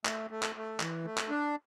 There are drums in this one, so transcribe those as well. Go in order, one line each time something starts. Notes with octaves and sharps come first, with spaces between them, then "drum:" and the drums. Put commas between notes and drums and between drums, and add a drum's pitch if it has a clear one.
A3, drum: clap
A3
drum: clap
A3
E3, drum: clap
A3
drum: clap
D4